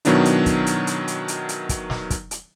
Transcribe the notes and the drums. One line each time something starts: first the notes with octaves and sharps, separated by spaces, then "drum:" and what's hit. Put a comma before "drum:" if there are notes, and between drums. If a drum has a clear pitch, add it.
B2 D#3 F#3 B3 D4 E4, drum: hi-hat
drum: hi-hat
drum: kick, hi-hat
drum: hi-hat
drum: hi-hat
drum: hi-hat
drum: hi-hat
drum: hi-hat
drum: kick, hi-hat
drum: snare
drum: kick, hi-hat
drum: hi-hat